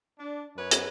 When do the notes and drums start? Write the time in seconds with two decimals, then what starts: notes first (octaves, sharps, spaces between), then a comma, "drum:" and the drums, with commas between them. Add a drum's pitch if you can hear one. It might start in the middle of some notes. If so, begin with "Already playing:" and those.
0.18 D4
0.56 F#2 B4 C#5
0.71 drum: hi-hat